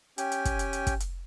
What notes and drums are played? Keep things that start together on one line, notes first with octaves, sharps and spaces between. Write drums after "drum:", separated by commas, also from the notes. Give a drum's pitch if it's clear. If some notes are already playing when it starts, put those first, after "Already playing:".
C#4 G4 G5 G#5, drum: hi-hat
drum: hi-hat
drum: kick, hi-hat
drum: hi-hat
drum: hi-hat
drum: kick, hi-hat
drum: hi-hat